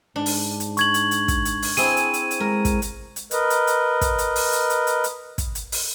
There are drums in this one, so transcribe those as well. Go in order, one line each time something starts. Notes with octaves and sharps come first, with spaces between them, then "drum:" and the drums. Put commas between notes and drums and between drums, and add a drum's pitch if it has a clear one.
G#2 D4
drum: open hi-hat
drum: hi-hat
C#6 G#6 F#7, drum: hi-hat
drum: hi-hat
drum: hi-hat
drum: kick, hi-hat
drum: hi-hat
drum: open hi-hat
C4 E4 G#4 D#7, drum: hi-hat
drum: hi-hat
drum: hi-hat
drum: hi-hat
G#3 A#4
drum: kick, hi-hat
drum: hi-hat
drum: hi-hat
A#4 B4 D#5, drum: hi-hat
drum: hi-hat
drum: hi-hat
drum: kick, hi-hat
drum: hi-hat
drum: open hi-hat
drum: hi-hat
drum: hi-hat
drum: hi-hat
drum: hi-hat
drum: kick, hi-hat
drum: hi-hat
drum: open hi-hat